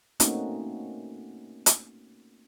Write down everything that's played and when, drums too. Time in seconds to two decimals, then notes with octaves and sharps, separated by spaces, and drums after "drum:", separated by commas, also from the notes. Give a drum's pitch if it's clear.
0.20 A3 A#3 C4 C#4 D#4 F#4, drum: hi-hat
1.66 drum: hi-hat